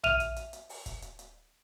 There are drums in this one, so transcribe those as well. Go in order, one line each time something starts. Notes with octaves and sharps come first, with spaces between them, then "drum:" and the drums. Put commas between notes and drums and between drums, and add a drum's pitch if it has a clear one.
E5 F6 D#7 F7, drum: tom A#1
drum: hi-hat
drum: hi-hat
drum: hi-hat
drum: open hi-hat
drum: kick, hi-hat
drum: hi-hat
drum: hi-hat